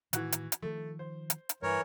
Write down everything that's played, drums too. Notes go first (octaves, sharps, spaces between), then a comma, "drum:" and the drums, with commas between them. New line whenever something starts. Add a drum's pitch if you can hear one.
A2 D#3 E3 F#4 F#6, drum: hi-hat
drum: hi-hat
drum: hi-hat
D#3 F3 A3
C5
drum: hi-hat
drum: hi-hat
G2 E3 A#4 C#5